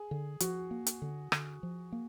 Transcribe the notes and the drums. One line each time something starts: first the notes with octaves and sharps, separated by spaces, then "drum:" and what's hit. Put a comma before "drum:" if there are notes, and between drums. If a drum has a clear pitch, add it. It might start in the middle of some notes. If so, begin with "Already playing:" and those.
Already playing: G#4
D3
F3 F#4, drum: hi-hat
A#3
drum: hi-hat
D3
D3, drum: rim click
F3
A#3